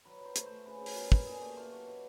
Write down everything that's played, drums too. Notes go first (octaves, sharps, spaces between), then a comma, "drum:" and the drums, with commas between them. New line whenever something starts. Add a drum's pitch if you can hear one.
F#3 B4
F#3 C5
A3, drum: hi-hat
C5
A3
C#3 B4
C#3
A#4, drum: open hi-hat
B3
A4
B3, drum: kick
A#2 G#4
A3 G4
A3 F4
F#3 F#4
B2 G4